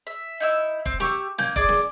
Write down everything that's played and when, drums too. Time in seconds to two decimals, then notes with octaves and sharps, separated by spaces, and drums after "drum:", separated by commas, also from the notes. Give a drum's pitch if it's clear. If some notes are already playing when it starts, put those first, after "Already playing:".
0.07 E5
0.40 D#4 E4 E6
0.86 C4, drum: kick
1.00 G4 C#6 E6, drum: snare
1.38 A#3 G#5 G6, drum: snare
1.56 G#4 D5, drum: kick
1.68 drum: snare